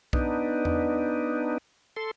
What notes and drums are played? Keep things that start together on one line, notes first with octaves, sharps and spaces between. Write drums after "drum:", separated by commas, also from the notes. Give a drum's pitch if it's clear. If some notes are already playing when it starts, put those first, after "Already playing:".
B3 D4 D#4, drum: kick B1
drum: tom E2
A4 C6